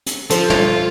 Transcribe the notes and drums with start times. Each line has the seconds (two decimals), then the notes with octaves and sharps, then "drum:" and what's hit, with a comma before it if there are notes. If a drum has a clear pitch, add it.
0.06 drum: hi-hat
0.30 F3 A4 C5, drum: hi-hat
0.50 F4, drum: tom